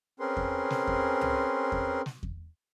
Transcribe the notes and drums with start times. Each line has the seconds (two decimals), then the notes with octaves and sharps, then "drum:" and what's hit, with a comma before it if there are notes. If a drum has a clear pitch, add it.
0.20 C4 C#4 G#4 A#4 B4 C6
0.37 drum: kick E2
0.70 drum: snare
0.87 drum: kick E2
1.21 drum: tom
1.72 drum: kick E2
2.06 drum: snare
2.23 drum: kick E2